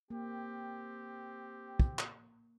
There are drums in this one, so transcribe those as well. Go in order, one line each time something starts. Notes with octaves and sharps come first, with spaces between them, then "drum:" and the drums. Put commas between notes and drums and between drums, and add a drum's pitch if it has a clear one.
A#3 C4 G4
drum: kick
drum: clap